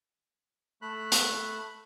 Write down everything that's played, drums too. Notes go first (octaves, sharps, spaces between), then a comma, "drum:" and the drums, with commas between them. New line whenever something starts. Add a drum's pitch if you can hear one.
A3 B5 F#6
drum: hi-hat